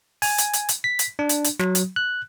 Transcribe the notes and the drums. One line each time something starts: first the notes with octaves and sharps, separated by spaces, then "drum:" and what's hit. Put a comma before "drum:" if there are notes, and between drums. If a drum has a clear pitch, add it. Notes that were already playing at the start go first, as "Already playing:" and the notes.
G#5, drum: open hi-hat
drum: hi-hat
drum: hi-hat
drum: hi-hat
B6
drum: hi-hat
D4
drum: hi-hat
drum: hi-hat
F#3, drum: snare
drum: hi-hat
F#6